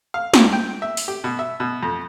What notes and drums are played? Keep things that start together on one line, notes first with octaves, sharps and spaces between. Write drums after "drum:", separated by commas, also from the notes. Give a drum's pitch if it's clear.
F5
drum: snare
G5
E5
drum: open hi-hat
G4
B2
E5
B2
F2